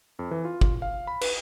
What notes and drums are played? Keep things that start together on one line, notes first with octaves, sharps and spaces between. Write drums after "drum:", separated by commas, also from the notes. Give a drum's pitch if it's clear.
F2
E3
F4
drum: kick
F5
B5
B4, drum: cymbal